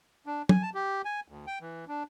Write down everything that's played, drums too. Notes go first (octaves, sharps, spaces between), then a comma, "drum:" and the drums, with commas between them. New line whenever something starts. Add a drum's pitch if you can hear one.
D4
G#5, drum: tom
A5
G4
G#5
D2
G5
E3
D4